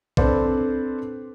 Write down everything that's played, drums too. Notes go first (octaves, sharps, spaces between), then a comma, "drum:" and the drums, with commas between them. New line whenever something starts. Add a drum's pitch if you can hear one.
C4 D4 A4 B4 C5 D5, drum: kick A#1